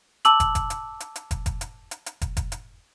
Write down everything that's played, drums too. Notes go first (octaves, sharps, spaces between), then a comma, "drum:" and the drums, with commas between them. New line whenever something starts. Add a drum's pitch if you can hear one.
A5 D6 E6 F#7, drum: hi-hat
drum: kick, hi-hat
drum: kick, hi-hat
drum: hi-hat
drum: hi-hat
drum: hi-hat
drum: kick, hi-hat
drum: kick, hi-hat
drum: hi-hat
drum: hi-hat
drum: hi-hat
drum: kick, hi-hat
drum: kick, hi-hat
drum: hi-hat